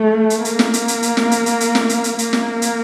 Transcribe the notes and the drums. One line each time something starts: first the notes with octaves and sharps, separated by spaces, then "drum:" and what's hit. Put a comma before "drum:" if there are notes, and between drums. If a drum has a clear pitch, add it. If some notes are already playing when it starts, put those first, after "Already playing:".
Already playing: A3
drum: hi-hat
A#3, drum: hi-hat
drum: snare
drum: hi-hat
drum: hi-hat
drum: hi-hat
drum: snare
drum: hi-hat
drum: hi-hat
drum: hi-hat
drum: snare
drum: hi-hat
drum: hi-hat
A#3, drum: hi-hat
drum: snare
drum: hi-hat